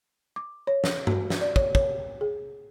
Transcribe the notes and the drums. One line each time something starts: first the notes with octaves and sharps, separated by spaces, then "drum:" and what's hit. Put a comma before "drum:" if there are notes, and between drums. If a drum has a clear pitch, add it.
D6
C#5
drum: snare
F#4, drum: tom G2
drum: snare
D5
C#5, drum: kick
C#5, drum: kick
G#4